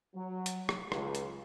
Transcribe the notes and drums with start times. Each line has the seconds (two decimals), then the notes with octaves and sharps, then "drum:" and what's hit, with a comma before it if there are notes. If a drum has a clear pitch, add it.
0.16 F#3
0.46 drum: hi-hat
0.69 drum: rim click
0.92 C#2, drum: rim click
1.15 drum: hi-hat